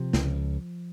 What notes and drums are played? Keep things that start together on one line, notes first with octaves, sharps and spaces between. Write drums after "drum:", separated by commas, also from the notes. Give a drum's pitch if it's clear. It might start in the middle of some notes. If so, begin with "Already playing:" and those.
Already playing: C3 F3
C#2, drum: snare